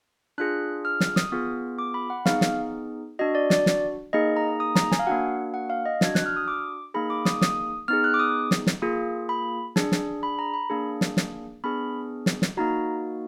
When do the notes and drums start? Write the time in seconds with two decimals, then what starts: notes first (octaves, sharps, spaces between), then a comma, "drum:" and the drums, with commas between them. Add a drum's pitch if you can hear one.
0.38 D4 F4 G#4 F#6
0.85 F6
1.00 drum: snare
1.16 D#6, drum: snare
1.32 B3 F4 G#4
1.79 D6
1.94 B5
2.10 F#5
2.26 B3 D#4 G#4 F5, drum: snare
2.41 drum: snare
3.19 D4 F#4 D#5
3.35 D5
3.50 D5, drum: snare
3.66 drum: snare
4.13 A#3 D#4 G#4 D#5
4.37 A#5
4.60 D#6
4.75 A#5, drum: snare
4.92 G#5, drum: snare
4.99 F5
5.07 A#3 D4 F#4 F#5
5.54 F#5
5.70 F5
5.85 D#5
6.01 D4 F#4 G#6, drum: snare
6.15 F#6, drum: snare
6.26 F6
6.36 D#6
6.48 D6
6.94 A#3 D#4 G#4 B5
7.10 D6
7.25 D#6, drum: snare
7.41 D#6, drum: snare
7.88 B3 D#4 G#4 F6
8.04 F#6
8.14 D6
8.20 D#6
8.51 drum: snare
8.67 drum: snare
8.82 A#3 F4 G#4
9.29 B5
9.76 D4 G#4, drum: snare
9.92 drum: snare
10.23 B5
10.39 A#5
10.54 B5
10.70 A#3 D4 G#4
11.01 drum: snare
11.17 drum: snare
11.64 B3 D4 G#4 B5
12.26 drum: snare
12.42 drum: snare
12.57 A#3 D#4 F#4 A#5